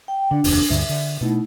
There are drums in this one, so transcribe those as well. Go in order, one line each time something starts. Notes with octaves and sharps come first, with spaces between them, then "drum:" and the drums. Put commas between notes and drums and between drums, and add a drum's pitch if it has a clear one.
G5
D3 D4
F1 D#2, drum: open hi-hat
D2 G2 D3 E5
D3
B2 A3 D#4 E4